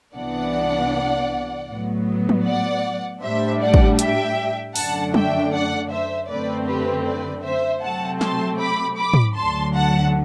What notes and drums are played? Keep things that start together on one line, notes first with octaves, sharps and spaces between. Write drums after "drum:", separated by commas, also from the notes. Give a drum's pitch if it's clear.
C2 C3 E3 B3 D4 D5 F#5
A2 F#3 B3
drum: tom
D5 F#5
A2 G3 D4 C5 E5
D5 F#5
drum: kick
E5 G5, drum: hi-hat
F#2 D3 A3 D4 F#5 A5, drum: open hi-hat
E5 G5, drum: tom
D5 F#5
C5 E5
F#2 D3 A3 C4 B4 D5
G4 B4
B4 D5
C5 E5
C3 F#3 A3 C4 F#5 A5
A5 C6, drum: snare
B5 D6
B5 D6
drum: tom
D2 D3 F#3 A5 C6
F#5 A5